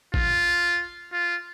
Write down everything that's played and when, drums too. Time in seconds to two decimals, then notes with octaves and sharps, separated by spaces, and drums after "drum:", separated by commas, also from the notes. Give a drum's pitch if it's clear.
0.14 F4, drum: kick
1.12 F4